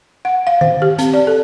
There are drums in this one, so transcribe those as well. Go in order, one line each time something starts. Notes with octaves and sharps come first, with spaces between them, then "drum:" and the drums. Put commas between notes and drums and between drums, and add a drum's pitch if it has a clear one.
F#5
F5
C5, drum: tom D#3
G4
C4, drum: hi-hat
D5
A4